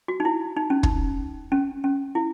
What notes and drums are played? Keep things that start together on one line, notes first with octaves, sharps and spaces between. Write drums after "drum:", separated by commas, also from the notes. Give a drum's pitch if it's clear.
F#4
D#4
E4
D#4
C#4
D#4, drum: kick
C#4
C#4
E4